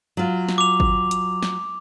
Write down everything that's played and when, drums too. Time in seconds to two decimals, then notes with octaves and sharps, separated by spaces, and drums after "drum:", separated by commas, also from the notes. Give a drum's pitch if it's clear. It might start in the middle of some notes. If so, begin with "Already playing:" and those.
0.17 F#3 F4
0.48 drum: snare
0.58 D6 F7
0.80 drum: kick G#1
1.11 drum: hi-hat
1.43 drum: snare